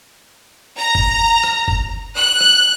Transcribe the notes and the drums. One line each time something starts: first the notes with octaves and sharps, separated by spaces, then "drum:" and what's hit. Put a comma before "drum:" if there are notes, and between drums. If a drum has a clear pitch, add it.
A#5
drum: kick
drum: rim click
drum: kick
F#6
drum: rim click